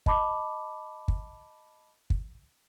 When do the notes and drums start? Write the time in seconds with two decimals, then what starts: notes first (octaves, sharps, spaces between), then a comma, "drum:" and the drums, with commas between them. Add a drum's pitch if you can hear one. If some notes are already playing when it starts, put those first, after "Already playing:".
0.06 D#5 A5 B5 D6, drum: kick
1.08 drum: kick
2.10 drum: kick